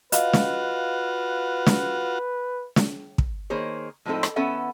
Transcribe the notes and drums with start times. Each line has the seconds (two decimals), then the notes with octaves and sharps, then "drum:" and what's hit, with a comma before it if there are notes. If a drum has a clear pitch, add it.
0.12 F4 F#4 B4 D#5 F5, drum: hi-hat
0.33 drum: snare
1.66 drum: snare
2.76 drum: snare
3.18 drum: kick
3.50 D#3 A#3 G#4 C5 C#5
4.06 A2 F3 G#3 C4 D#4 A4
4.23 drum: rim click
4.36 E3 B3 C#4 A4 E5 F#5